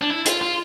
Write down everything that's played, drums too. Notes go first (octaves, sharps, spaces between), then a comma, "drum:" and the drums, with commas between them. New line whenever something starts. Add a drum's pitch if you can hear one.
D4
E4
F4, drum: hi-hat
F4